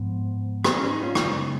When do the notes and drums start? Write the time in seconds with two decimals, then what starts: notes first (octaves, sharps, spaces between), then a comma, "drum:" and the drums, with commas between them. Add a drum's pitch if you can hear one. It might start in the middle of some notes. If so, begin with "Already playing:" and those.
Already playing: G#2 F3 B3
0.64 G#4 B4, drum: rim click
0.78 C#4
0.90 D#4
1.03 C#4 F4
1.15 F#2 C#3 G#3 B3 D#4, drum: rim click